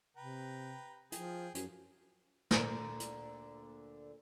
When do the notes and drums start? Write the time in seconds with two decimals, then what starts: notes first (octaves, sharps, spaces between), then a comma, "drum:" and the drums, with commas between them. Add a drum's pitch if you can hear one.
0.17 C3 B4 G5 A#5
1.12 F3 G#4 G5, drum: hi-hat
1.55 F#2 G#4, drum: hi-hat
2.51 D2 A#2 D3, drum: snare
3.00 drum: hi-hat